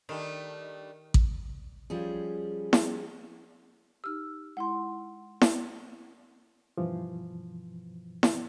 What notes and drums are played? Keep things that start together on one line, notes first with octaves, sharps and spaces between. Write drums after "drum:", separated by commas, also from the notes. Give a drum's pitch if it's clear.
D#3 G3 A3 D4
drum: kick A1
F3 G3 C#4 G#4
drum: snare E4
D#4 G4 E6 F6
G#3 E4 F#5 C6
drum: snare E4
G2 B2 E3 F3
drum: snare E4